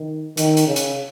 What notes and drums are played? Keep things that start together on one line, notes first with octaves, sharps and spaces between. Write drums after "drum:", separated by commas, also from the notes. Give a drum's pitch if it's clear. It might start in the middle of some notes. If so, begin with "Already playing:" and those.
Already playing: D#3
D#3, drum: hi-hat
drum: hi-hat
C#3
drum: hi-hat